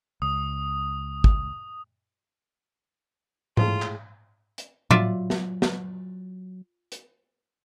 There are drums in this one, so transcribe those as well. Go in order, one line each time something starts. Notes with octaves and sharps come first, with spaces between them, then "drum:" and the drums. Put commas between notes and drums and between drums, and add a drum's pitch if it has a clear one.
C#2 D#6
drum: kick
A2 G#3 F4, drum: tom G#2
drum: clap
drum: hi-hat
F#3 F4 D5 E5, drum: tom A2
drum: snare
drum: snare
drum: hi-hat